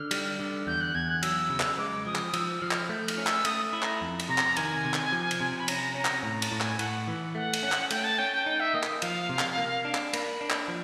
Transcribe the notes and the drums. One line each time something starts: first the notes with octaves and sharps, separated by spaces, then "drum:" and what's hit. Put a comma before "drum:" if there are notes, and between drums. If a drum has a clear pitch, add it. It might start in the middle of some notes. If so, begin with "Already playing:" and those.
Already playing: D3 F6
G3, drum: cymbal
D3
E2 G6
F#6
E2 G#6
F#6
F#3 E6, drum: cymbal
C#3
drum: clap
G#3 D6
F3 D#6
drum: clap
F3 E6, drum: cymbal
F3 F6
drum: clap
A3 G6
F6, drum: cymbal
C#4
E6, drum: clap
A3 D#6, drum: cymbal
E4
A#5, drum: clap
F2
drum: cymbal
C3 A#5
drum: clap
D#3 G#5, drum: cymbal
C3
drum: clap
F3
drum: cymbal
C3
B5
C#4 A#5, drum: cymbal
C#4 A#5
drum: clap
A2 A#5
A5, drum: cymbal
A2
G#5, drum: clap
A2 F#5, drum: cymbal
E3
A3 F#5
drum: cymbal
C#4
drum: clap
A3 G5, drum: cymbal
A5
C#4 G5
G5
D#4 G5
E5
A#3 D#5
drum: clap
F3 F5, drum: cymbal
C3
drum: clap
A#3
D4
drum: clap
A#3 B5, drum: cymbal
D4
drum: clap
F3